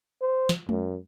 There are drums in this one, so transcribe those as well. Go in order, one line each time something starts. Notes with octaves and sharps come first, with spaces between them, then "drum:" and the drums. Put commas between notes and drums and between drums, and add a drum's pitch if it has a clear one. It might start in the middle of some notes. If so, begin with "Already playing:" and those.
C5
drum: snare
F#2, drum: tom G#3